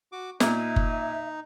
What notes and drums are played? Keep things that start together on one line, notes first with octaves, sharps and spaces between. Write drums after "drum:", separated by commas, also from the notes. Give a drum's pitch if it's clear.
F#4 D6
A#2 D#4 E5, drum: snare
drum: kick F#1